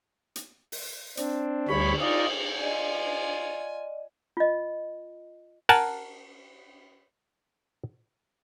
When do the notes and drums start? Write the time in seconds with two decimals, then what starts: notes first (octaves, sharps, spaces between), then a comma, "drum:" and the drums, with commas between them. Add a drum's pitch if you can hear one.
0.36 drum: hi-hat
0.72 drum: open hi-hat
1.17 C4 D4, drum: hi-hat
1.69 D2 G3 C#5 B5, drum: cymbal
2.01 D#4 F4 D5 D#5
2.60 F4 D5 D#5 G#5
4.37 F4 D#5
5.69 A#4 F#5 G#5 A5, drum: cymbal